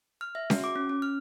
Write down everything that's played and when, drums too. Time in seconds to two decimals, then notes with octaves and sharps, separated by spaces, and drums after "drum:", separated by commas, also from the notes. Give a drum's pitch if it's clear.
0.21 F6
0.35 E5
0.50 F#4, drum: snare C#4
0.64 D6
0.76 C#4
0.89 C#4
1.02 F6